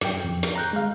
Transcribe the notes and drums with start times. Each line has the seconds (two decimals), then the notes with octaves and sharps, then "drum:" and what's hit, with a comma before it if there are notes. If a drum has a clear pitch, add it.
0.01 F#2 G5, drum: snare
0.24 F2
0.43 drum: snare
0.56 A#5 F#6 G6
0.73 G#3 F5